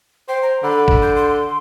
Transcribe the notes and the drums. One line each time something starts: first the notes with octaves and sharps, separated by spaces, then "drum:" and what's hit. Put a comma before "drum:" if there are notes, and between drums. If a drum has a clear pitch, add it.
C5 G5
A#5
D3 B5
drum: kick
G6
C6